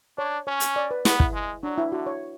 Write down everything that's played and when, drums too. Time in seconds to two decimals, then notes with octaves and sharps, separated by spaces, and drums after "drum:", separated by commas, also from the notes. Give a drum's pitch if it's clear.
0.18 D4 C#5
0.47 C#4 C#5
0.60 drum: hi-hat
0.76 D5
0.91 B4
1.05 B3 G#4, drum: snare
1.20 E4, drum: kick
1.34 G#3
1.63 F#3 D4
1.78 E4
1.91 D3 F#4
2.06 C#5